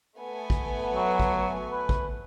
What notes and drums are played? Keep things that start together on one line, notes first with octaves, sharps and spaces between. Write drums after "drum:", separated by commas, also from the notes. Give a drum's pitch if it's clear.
A3 B3 G#5
drum: kick
F#3
drum: kick
B4
drum: kick